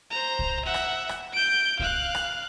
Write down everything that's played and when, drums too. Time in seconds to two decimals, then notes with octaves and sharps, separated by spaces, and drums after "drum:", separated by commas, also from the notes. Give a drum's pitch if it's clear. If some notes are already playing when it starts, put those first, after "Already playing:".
0.11 C5 A#5
0.39 drum: kick C2
0.65 E5 F#5
0.74 drum: rim click
1.09 drum: rim click
1.33 G6 D7
1.79 F5 F#6, drum: kick C2
2.15 drum: rim click